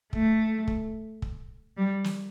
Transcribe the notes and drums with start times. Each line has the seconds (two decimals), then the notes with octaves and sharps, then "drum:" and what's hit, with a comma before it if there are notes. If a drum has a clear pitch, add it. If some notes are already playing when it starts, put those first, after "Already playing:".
0.13 A3, drum: kick
0.68 drum: kick
1.22 drum: kick
1.77 G3
2.04 drum: snare